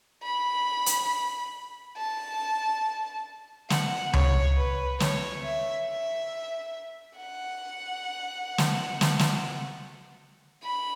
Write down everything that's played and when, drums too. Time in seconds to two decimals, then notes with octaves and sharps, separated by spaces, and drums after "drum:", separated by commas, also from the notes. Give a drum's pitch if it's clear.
0.23 B5
0.86 drum: hi-hat
1.97 A5
3.70 F#5, drum: snare
4.14 C#5, drum: tom C#2
4.56 B4
5.00 C#5, drum: snare
5.44 E5
5.86 E5
7.17 F#5
8.58 drum: snare
9.01 drum: snare
9.19 drum: snare
10.63 B5